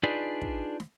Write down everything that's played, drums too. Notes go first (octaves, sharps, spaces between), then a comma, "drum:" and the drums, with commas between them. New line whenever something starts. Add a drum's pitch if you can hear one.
D4 D#4 F4 G#4 B4 D5
drum: kick
drum: snare